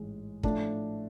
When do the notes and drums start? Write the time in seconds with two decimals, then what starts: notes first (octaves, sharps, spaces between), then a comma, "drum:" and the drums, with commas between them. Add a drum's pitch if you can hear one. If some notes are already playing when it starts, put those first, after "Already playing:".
Already playing: A1 G#2 G#3
0.43 A2 F3 A3 D4 F4, drum: kick